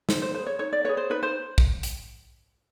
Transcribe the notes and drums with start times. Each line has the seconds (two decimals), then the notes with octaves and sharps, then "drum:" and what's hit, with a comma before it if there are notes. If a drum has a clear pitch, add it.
0.09 D#4 C5, drum: snare
0.22 C5
0.34 G#4 B4 C5
0.47 C#5
0.59 D#4 C#5
0.73 D5
0.84 G#4 B4 C#5
0.97 C5
1.10 D#4 B4
1.23 C5
1.58 drum: kick A#1
1.83 drum: hi-hat